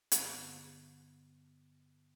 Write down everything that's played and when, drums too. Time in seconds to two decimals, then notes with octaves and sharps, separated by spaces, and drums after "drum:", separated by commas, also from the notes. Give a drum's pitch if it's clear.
0.12 G2 D3 B3, drum: hi-hat